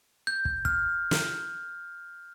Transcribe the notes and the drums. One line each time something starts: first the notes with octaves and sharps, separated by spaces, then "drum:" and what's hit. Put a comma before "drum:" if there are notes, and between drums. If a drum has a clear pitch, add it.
G6
drum: kick
F6, drum: kick
drum: snare